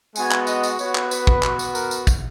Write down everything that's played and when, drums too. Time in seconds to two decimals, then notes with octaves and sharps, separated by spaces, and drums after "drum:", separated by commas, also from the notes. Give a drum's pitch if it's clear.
0.16 G#3 B3 F#4 G#5, drum: tambourine
0.31 drum: clap
0.47 D#5, drum: tambourine
0.63 drum: tambourine
0.79 B3 F#4 C#5, drum: tambourine
0.95 drum: clap
1.11 B4, drum: tambourine
1.27 drum: kick
1.43 B3 F#4, drum: clap
1.59 drum: tambourine
1.75 A#4, drum: tambourine
1.91 drum: tambourine
2.07 drum: kick, tambourine